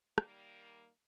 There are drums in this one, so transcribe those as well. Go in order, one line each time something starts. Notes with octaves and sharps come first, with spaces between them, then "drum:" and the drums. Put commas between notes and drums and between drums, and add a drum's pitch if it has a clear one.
D#3 G3 A#3, drum: rim click